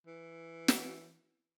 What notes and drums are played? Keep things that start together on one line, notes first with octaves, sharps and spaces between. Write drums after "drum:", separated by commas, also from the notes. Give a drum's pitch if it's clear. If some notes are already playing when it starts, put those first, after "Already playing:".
E3
drum: snare